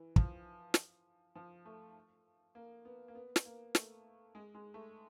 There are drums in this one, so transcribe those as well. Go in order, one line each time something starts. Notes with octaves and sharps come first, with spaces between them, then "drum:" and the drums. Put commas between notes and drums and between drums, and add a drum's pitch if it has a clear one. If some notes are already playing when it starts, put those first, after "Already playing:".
Already playing: E3
F3, drum: kick
drum: snare
F3
A3
A#3
B3
A#3
B3
drum: snare
A#3
A3, drum: snare
G#3
G#3
A3